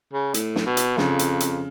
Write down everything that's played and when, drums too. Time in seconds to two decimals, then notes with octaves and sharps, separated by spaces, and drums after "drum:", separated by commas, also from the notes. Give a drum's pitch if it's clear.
0.13 C#3
0.34 A2, drum: hi-hat
0.56 drum: snare
0.66 B2
0.77 drum: hi-hat
0.97 F2 C#3, drum: snare
1.19 drum: hi-hat
1.40 drum: hi-hat